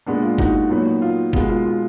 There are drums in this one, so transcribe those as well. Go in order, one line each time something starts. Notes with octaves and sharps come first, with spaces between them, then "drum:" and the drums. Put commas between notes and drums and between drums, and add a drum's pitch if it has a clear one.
A#2 G#3 B3 D4
F4
D#4 F#4, drum: kick
A#2 F#3 B3
F4
B2 G#3 B3 F4, drum: kick
F4
F4